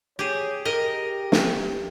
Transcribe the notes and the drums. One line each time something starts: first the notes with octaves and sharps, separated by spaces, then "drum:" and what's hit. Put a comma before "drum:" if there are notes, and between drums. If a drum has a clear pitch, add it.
G4 G#4 C#5
G4 A#4 D#5
drum: snare